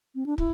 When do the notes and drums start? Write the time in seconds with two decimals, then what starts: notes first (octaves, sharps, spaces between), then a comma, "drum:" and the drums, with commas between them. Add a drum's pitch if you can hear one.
0.15 C4
0.26 D4
0.38 E4, drum: kick